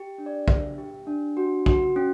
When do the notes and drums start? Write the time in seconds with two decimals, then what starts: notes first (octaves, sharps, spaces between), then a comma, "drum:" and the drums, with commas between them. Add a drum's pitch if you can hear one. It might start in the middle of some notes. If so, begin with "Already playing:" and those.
Already playing: G4
0.18 D4
0.26 D5
0.48 G4 E5, drum: kick A#1
0.78 G4
1.07 D4
1.37 F#4
1.66 F#4, drum: kick A#1
1.96 C#4